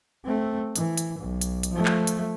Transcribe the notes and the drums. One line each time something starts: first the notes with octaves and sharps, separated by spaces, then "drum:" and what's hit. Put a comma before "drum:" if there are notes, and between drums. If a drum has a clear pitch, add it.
A3 C4
E3, drum: hi-hat
drum: hi-hat
B1
drum: hi-hat
drum: hi-hat
F3 A3
drum: clap
drum: hi-hat